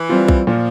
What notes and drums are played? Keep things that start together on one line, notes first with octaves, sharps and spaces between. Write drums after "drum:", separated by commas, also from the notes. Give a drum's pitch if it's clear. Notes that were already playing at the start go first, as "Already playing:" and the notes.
Already playing: E3
G3 C4 F4
drum: kick B1
A#2 F3